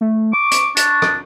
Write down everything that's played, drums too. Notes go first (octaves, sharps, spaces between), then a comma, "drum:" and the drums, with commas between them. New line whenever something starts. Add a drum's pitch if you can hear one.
A3
C#6 D6
drum: hi-hat
D4, drum: hi-hat
drum: rim click